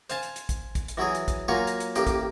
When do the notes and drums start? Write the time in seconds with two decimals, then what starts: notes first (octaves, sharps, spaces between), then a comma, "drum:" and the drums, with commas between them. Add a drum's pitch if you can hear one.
0.10 C5 F5 G#5 A5, drum: hi-hat
0.23 drum: hi-hat
0.36 drum: hi-hat
0.49 drum: kick, hi-hat
0.75 drum: kick, hi-hat
0.88 drum: hi-hat
0.97 E3 F#3 E4 G#4
1.15 drum: hi-hat
1.28 drum: kick, hi-hat
1.48 F#3 A#3 F4 F5 G#5 C#6
1.67 drum: hi-hat
1.80 drum: hi-hat
1.95 A1 A#3 G4 G5, drum: hi-hat
2.07 drum: kick, hi-hat